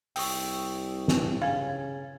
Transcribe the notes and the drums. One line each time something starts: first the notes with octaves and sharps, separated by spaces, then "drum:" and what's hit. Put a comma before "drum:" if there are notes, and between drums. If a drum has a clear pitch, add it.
C2 G5 C#6 D#6 E6, drum: open hi-hat
drum: snare
C#3 F5 G#5 G#6 A6